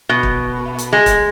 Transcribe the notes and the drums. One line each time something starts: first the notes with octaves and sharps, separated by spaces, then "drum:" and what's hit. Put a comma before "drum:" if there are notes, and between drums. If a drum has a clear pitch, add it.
B2
drum: kick
drum: hi-hat
G#3
drum: kick, hi-hat